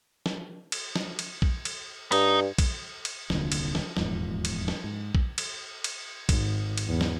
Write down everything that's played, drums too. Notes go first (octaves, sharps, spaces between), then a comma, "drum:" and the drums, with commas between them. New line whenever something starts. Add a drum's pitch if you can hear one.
drum: snare
drum: cymbal
drum: snare
drum: cymbal
drum: kick A#1
drum: cymbal
G2 D#4, drum: cymbal
drum: kick A#1, cymbal
drum: cymbal
D#1 C2 A#2 D3, drum: snare
drum: cymbal
drum: snare
D#1 E2 G#2 F3, drum: snare
drum: cymbal
drum: snare
G#2
drum: kick A#1
drum: cymbal
drum: cymbal
G#1, drum: kick A#1, cymbal
drum: cymbal
E2
drum: snare